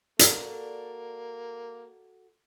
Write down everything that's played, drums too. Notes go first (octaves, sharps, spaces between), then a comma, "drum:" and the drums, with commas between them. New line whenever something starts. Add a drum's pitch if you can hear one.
A#3 F#4 A4 D5, drum: hi-hat